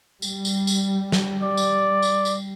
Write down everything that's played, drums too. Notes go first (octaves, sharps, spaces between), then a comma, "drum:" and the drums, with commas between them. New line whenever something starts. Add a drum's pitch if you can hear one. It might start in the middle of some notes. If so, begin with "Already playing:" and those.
G3, drum: tambourine
drum: tambourine
drum: tambourine
drum: snare
D5
drum: tambourine
drum: tambourine
drum: tambourine